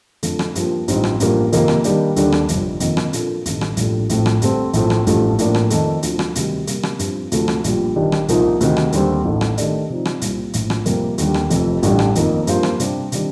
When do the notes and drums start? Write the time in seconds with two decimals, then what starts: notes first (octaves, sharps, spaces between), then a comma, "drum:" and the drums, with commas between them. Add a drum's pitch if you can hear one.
0.23 F2 D3 A3, drum: hi-hat
0.39 drum: rim click
0.55 G2 F3 A#3, drum: hi-hat
0.88 A1 G2 F3 C4 D#4, drum: hi-hat
1.04 drum: rim click
1.20 A1 G2 F3 A#3, drum: hi-hat
1.52 F2 C3 D#3 A#3, drum: hi-hat
1.68 drum: rim click
1.84 D#3 G3 A#3 D4 G4, drum: hi-hat
2.16 D#2 D3 G3 D4 A4, drum: hi-hat
2.32 drum: rim click
2.49 G1 F2 C3, drum: hi-hat
2.80 F2 C3 D#3 A#3, drum: hi-hat
2.97 drum: rim click
3.13 A#2 F3 A#3 D4 A4, drum: hi-hat
3.46 A1 G2 D#3 A3 C4, drum: hi-hat
3.61 drum: rim click
3.77 A#1 A2 G3 D4 A4, drum: hi-hat
4.09 A#1 A2 A3 C4, drum: hi-hat
4.26 drum: rim click
4.42 G2 D3 A3 C4, drum: hi-hat
4.73 A#1 A2 A3 C4, drum: hi-hat
4.90 drum: rim click
5.07 A1 G2 F3 A3, drum: hi-hat
5.39 A2 F3 A#3 D4, drum: hi-hat
5.55 drum: rim click
5.70 F2 D#3 A3, drum: hi-hat
6.03 D2 D3 F3, drum: hi-hat
6.19 drum: rim click
6.35 D2 C3 D#3 G3, drum: hi-hat
6.67 C3 G3 A#3, drum: hi-hat
6.83 drum: rim click
6.99 G2 F3 C4, drum: hi-hat
7.32 D2 C3 F3 A3, drum: hi-hat
7.48 drum: rim click
7.64 A#1 A#2 G3, drum: hi-hat
7.96 G1 G2 D#3 G3 D4
8.12 drum: rim click
8.28 C2 A#2 F3 A#3 D#4, drum: hi-hat
8.61 D2 C3 D#3, drum: hi-hat
8.77 drum: rim click
8.92 D#2 D3 G3 C4, drum: hi-hat
9.25 A1 A2 A3 D#4
9.41 drum: rim click
9.58 D#3 A3 D4 G4 D5, drum: hi-hat
9.90 C3 F3 C4 D#4
10.05 drum: rim click
10.21 C2 A#2 G3 C4, drum: hi-hat
10.53 A#1 A2 F3, drum: hi-hat
10.70 drum: rim click
10.86 F2 C3 G3 A#3, drum: hi-hat
11.18 D#2 D3 G3, drum: hi-hat
11.34 drum: rim click
11.50 F1 F2 C3, drum: hi-hat
11.83 A1 G2 D3 G3 D4, drum: hi-hat
11.99 drum: rim click
12.15 F2 D#3 A#3 D#4, drum: hi-hat
12.47 G2 F3 A#3 F4 C5, drum: hi-hat
12.63 drum: rim click
12.80 C3 G3 D4 G4 C5, drum: hi-hat
13.12 C3 D#3 G3 D4, drum: hi-hat